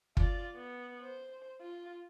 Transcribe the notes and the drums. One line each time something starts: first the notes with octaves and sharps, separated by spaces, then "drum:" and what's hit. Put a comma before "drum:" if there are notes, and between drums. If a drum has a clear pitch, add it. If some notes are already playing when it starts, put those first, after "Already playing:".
F4 D5, drum: kick
B3
C5
F4